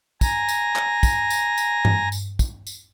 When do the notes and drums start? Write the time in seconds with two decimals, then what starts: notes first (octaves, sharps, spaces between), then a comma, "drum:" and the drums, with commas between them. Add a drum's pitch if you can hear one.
0.21 G#5 A#5 A#6, drum: kick, tambourine
0.49 drum: tambourine
0.76 drum: clap
1.03 drum: kick, tambourine
1.30 drum: tambourine
1.58 drum: tambourine
1.85 drum: tom G2
2.12 drum: tambourine
2.39 drum: kick, tambourine
2.67 drum: tambourine